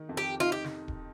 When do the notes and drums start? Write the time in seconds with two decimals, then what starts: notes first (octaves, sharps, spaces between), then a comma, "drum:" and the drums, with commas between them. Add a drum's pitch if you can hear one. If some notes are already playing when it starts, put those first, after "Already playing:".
Already playing: D#3 D#4
0.09 F2
0.17 G4
0.40 D#4 F4
0.52 G4
0.64 drum: snare
0.88 drum: kick D#1